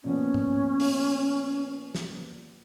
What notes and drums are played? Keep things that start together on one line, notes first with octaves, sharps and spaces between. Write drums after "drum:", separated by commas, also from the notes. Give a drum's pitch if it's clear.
A#2 F3 B3 C#4
drum: tom G#2
drum: open hi-hat
drum: snare